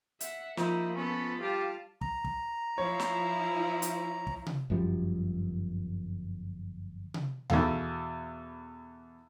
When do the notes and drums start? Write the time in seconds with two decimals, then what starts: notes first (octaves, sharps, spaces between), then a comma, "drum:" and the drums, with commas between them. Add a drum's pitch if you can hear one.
0.20 E5 F#5, drum: hi-hat
0.57 F3 A#3 D#4 E4, drum: snare
0.96 B3 C#4 A4 B4
1.41 G3 F4 G4 F5 A5
2.01 A#5, drum: kick
2.24 drum: kick
2.78 F3 E4 C#5
3.00 drum: snare
3.82 drum: hi-hat
4.27 drum: kick
4.46 drum: tom C3
4.70 G1 F#2 F3 G3
7.14 drum: tom C3
7.50 E2 B2 A4 F5, drum: tom D#2